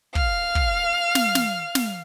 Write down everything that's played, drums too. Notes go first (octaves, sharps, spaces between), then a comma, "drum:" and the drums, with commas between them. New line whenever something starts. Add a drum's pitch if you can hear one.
F5 F6, drum: kick
drum: kick
drum: snare
drum: snare
drum: snare